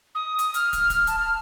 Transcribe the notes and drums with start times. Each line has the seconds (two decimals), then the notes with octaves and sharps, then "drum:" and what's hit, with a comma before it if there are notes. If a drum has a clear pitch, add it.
0.15 D#6
0.39 drum: hi-hat
0.54 F6, drum: hi-hat
0.73 drum: kick, hi-hat
0.90 drum: kick, hi-hat
1.07 A5, drum: hi-hat
1.19 F6